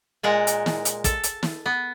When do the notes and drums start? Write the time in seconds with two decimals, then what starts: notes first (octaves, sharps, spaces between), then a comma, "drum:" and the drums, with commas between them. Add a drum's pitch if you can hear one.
0.23 A#2 G#3 A#4 F#5
0.47 drum: hi-hat
0.66 drum: snare
0.85 drum: hi-hat
1.04 A4, drum: kick, hi-hat
1.23 drum: hi-hat
1.43 drum: snare
1.66 B3